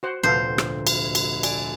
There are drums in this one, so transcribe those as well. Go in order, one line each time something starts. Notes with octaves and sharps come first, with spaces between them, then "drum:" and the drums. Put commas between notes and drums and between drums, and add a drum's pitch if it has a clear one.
F#4 C5 F#5
F1 D2 A#2 B3 A4 C5 F5
drum: rim click
drum: cymbal
drum: cymbal
D5 G#5, drum: cymbal